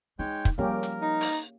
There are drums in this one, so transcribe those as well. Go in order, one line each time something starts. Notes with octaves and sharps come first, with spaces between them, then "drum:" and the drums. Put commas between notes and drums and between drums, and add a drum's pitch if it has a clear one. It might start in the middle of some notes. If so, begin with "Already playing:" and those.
G#3 D#4 C#5 G5
drum: kick, hi-hat
F3 G3 A#3 C#4 G4 A#4
drum: hi-hat
D#4
drum: open hi-hat